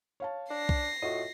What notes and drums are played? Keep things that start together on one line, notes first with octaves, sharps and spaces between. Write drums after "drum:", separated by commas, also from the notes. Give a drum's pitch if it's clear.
C#5 F5 A5
D4 A#6 C7
drum: kick B1
A2 F4 F#4 D#5